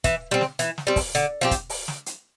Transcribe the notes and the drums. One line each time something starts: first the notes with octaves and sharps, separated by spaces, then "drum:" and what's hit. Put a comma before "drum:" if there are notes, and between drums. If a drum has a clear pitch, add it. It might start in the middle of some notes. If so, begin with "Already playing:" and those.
E3, drum: kick, hi-hat
G3 C4
drum: snare
E3, drum: hi-hat
drum: snare
G3 C4
drum: kick, open hi-hat
D3, drum: hi-hat
F3 C4 G4
drum: kick, hi-hat
drum: open hi-hat
drum: snare
drum: hi-hat